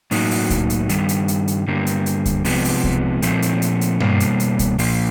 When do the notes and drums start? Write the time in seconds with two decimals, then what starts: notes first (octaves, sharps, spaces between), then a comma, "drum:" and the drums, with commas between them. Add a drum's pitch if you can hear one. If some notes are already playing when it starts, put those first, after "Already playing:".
0.11 A2 F#3 A#3 D#4 F#4, drum: open hi-hat
0.31 drum: open hi-hat
0.50 drum: kick C2, hi-hat
0.70 drum: hi-hat
0.89 G2 D#3 G3, drum: hi-hat
1.09 drum: hi-hat
1.28 drum: hi-hat
1.48 drum: hi-hat
1.67 G2 D3 G3 A#3
1.86 drum: hi-hat
2.06 drum: hi-hat
2.25 drum: kick C2, hi-hat
2.45 C3 F3 G#3 B3, drum: open hi-hat
2.64 drum: open hi-hat
2.84 drum: kick C2
3.22 A#2 F3 A3 C4, drum: hi-hat
3.42 drum: hi-hat
3.62 drum: hi-hat
3.81 drum: hi-hat
4.00 B2 G3 A#3, drum: tom G2
4.20 drum: hi-hat
4.40 drum: hi-hat
4.59 drum: kick C2, hi-hat
4.79 A#2 F3 A#3, drum: open hi-hat